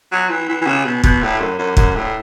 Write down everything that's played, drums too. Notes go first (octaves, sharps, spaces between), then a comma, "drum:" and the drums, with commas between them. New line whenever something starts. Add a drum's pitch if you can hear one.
F#3
E3
E3
E3
C#3
B2
B2, drum: kick
A2
F#2
F#2
F#2, drum: kick
A2